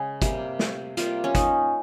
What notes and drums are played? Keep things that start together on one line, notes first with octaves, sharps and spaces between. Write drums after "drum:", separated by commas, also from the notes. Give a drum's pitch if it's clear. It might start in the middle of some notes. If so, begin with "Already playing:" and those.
Already playing: C#3 G#3
C3 G3 A#3, drum: kick, hi-hat
drum: snare
C3 G3 A#3 F4, drum: hi-hat
C#4
D#4, drum: kick, hi-hat